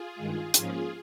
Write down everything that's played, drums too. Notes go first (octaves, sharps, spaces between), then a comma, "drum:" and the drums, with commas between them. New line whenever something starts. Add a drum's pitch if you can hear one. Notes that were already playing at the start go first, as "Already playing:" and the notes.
Already playing: F4 G#4
G2 D#3 G#3
G#2 F3 A#3 C#4 F4 G#4, drum: hi-hat